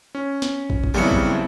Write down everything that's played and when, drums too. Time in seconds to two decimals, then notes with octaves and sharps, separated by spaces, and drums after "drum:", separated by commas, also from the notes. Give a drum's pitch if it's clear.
0.15 C#4
0.42 drum: snare
0.70 drum: kick
0.83 drum: kick
0.94 D#2 C#3 F#3 G3 B3 C4 E4 C#7
1.11 drum: kick